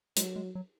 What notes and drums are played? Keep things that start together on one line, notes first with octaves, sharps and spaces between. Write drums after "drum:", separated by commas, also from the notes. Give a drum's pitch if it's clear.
F#3 G#3, drum: hi-hat
G#3
F#3